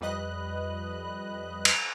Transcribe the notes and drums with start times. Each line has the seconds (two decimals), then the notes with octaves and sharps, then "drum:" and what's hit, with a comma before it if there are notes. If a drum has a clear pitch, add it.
0.01 F2 G3 B4 D#5 F#6
1.65 drum: cymbal